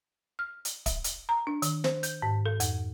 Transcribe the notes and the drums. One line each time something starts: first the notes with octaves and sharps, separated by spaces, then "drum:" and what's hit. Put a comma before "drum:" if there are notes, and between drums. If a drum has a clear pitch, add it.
F6
drum: hi-hat
E5, drum: kick, hi-hat
drum: hi-hat
A#5
D4
D#3, drum: hi-hat
C5, drum: snare
G6, drum: hi-hat
G#2
A4
F2, drum: hi-hat